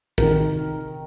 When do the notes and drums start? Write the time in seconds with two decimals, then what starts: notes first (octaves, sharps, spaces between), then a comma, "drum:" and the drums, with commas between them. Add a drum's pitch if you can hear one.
0.18 C3 D#3 A#4, drum: kick